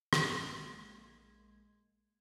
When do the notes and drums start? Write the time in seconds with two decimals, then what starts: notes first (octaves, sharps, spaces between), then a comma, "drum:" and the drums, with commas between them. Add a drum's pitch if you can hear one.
0.13 A#1 G#3 A#3 C6 G#6, drum: rim click